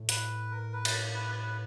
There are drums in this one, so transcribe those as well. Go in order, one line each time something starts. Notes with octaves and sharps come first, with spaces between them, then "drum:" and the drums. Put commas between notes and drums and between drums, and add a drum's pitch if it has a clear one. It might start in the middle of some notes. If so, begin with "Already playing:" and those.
Already playing: A2
B4, drum: hi-hat
A#4
B4
drum: cymbal
B4
B4